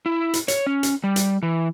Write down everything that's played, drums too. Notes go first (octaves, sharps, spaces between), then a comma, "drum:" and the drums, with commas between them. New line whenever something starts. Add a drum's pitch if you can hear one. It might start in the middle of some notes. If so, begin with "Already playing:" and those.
E4
drum: hi-hat
C#5, drum: hi-hat
C#4
drum: hi-hat
G3
drum: hi-hat
E3